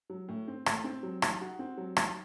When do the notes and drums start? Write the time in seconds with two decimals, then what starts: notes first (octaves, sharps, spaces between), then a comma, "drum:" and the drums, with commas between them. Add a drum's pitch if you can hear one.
0.10 F#3
0.28 A2
0.48 C4
0.66 A2, drum: rim click
0.84 C4
1.03 F#3
1.22 D#4, drum: rim click
1.41 F#4
1.59 C4
1.78 F#3
1.97 D#4, drum: rim click